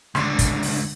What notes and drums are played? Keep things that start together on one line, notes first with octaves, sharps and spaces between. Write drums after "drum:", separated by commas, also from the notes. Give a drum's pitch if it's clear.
C#2 D3, drum: rim click
drum: kick, hi-hat
drum: open hi-hat